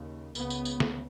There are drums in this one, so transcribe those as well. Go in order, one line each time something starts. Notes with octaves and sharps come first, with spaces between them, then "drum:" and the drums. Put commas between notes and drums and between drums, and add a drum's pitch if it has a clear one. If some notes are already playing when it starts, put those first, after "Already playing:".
Already playing: D#2 C#3
C#2 C#3 B3, drum: tambourine
drum: tambourine
drum: tambourine
drum: snare